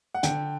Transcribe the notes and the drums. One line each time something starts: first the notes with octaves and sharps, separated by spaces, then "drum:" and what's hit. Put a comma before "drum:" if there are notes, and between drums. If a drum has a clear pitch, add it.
F#5
D3 G5, drum: hi-hat